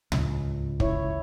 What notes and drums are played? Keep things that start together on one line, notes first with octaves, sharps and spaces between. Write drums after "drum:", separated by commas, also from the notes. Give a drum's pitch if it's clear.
C#2, drum: tom
E4 C#5, drum: kick